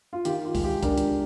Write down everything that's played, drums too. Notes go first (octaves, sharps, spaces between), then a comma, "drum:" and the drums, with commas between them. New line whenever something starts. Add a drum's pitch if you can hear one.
F4
D#3 G4, drum: hi-hat
F4
G#3, drum: kick C#2, open hi-hat
G4
D4 A#4, drum: kick C#2, hi-hat
drum: hi-hat